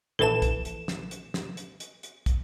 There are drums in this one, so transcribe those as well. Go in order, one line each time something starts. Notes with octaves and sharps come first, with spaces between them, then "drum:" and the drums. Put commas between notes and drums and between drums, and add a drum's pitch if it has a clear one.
A#1 E3 A4 B4 A5 E7
drum: kick, hi-hat
drum: hi-hat
drum: snare
drum: hi-hat
drum: snare
drum: hi-hat
drum: hi-hat
drum: hi-hat
drum: kick, hi-hat